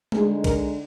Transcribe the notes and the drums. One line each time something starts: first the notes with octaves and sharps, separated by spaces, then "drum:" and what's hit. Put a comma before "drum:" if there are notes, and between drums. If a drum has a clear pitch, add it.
D3 G#3 D#4 G#4, drum: tom G#3
A#4, drum: kick, cymbal